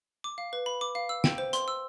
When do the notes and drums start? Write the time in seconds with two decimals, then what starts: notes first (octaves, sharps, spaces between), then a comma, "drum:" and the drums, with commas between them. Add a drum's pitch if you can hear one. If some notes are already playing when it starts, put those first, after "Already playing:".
0.24 D6
0.38 F5
0.53 B4
0.66 B5
0.81 D6
0.95 F5
1.09 E6
1.24 G5, drum: snare
1.38 C5
1.53 C6, drum: hi-hat
1.68 E6